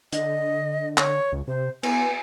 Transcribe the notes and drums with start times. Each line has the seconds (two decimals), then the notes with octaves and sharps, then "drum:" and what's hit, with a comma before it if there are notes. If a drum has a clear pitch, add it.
0.13 D3 D#5, drum: hi-hat
0.98 C#5, drum: clap
1.32 C#2
1.48 C3 C5
1.83 B3 G#5, drum: cymbal